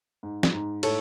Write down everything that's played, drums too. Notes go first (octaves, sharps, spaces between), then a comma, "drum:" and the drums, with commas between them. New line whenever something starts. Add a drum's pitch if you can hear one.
G#2
drum: snare
G#2
A2 A4 C#5, drum: cymbal